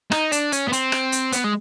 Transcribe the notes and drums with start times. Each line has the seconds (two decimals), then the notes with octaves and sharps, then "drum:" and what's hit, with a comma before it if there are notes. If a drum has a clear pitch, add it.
0.12 D#4, drum: rim click
0.32 D4, drum: hi-hat
0.52 C#4, drum: hi-hat
0.68 B3
0.73 C4, drum: hi-hat
0.92 drum: rim click
1.12 drum: hi-hat
1.32 B3, drum: hi-hat
1.44 G#3